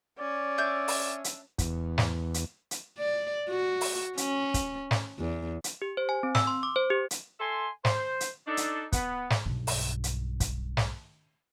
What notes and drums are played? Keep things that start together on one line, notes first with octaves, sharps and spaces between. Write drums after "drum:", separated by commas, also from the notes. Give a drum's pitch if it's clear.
C#4 D5
D4 E5 G6
drum: open hi-hat
drum: hi-hat
E2, drum: kick, hi-hat
drum: snare
drum: hi-hat
drum: hi-hat
D5
F#4
drum: open hi-hat
C#4, drum: hi-hat
drum: kick, hi-hat
drum: snare
E2
drum: hi-hat
G4
C5
G#5
C4
E6, drum: snare
C6
D6
C5
G4
drum: hi-hat
A4 E5 G#5 C6
C5, drum: snare
drum: hi-hat
D4 D#4 A4
drum: hi-hat
B3, drum: kick, hi-hat
drum: snare
B1 G2
drum: open hi-hat
drum: hi-hat
drum: kick, hi-hat
drum: snare